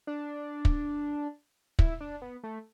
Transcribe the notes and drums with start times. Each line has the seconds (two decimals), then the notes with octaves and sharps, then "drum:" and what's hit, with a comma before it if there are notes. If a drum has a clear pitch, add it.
0.07 D4
0.65 drum: kick
1.79 E4, drum: kick
2.01 D4
2.22 B3
2.44 A3